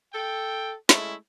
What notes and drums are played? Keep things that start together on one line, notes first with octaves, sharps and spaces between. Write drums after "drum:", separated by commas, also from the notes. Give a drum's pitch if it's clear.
A4 G5
G#3 A3 C#4 E4, drum: snare